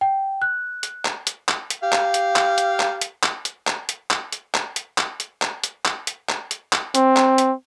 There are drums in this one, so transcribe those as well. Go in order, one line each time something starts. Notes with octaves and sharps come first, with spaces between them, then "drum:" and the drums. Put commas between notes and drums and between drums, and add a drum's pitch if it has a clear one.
G5
F#6
drum: hi-hat
drum: clap
drum: hi-hat
drum: clap
drum: hi-hat
G4 F5
drum: clap
drum: hi-hat
drum: clap
drum: hi-hat
drum: clap
drum: hi-hat
drum: clap
drum: hi-hat
drum: clap
drum: hi-hat
drum: clap
drum: hi-hat
drum: clap
drum: hi-hat
drum: clap
drum: hi-hat
drum: clap
drum: hi-hat
drum: clap
drum: hi-hat
drum: clap
drum: hi-hat
drum: clap
C4, drum: hi-hat
drum: clap
drum: hi-hat